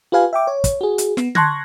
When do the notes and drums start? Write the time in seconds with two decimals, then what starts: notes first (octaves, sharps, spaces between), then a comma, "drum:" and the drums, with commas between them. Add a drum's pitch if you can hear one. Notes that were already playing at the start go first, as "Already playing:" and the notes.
0.12 F4 G4 B4 F5 G#5
0.33 E5 G5 D6
0.47 C#5
0.64 drum: kick, hi-hat
0.81 F#4 G#4
0.98 drum: hi-hat
1.17 B3, drum: snare
1.35 A5 C6 C#6 F#6 G#6 A#6, drum: tom D3